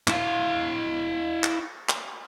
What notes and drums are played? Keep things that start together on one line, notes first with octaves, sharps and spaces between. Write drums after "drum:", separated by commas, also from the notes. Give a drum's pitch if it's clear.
E4 F5, drum: clap
drum: clap
drum: clap